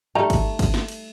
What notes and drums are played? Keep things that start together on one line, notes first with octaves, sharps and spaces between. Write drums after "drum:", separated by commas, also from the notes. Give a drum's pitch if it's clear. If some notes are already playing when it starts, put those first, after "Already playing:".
G3 A3 D#4 A#5
drum: kick, cymbal
drum: kick, cymbal
drum: snare
drum: cymbal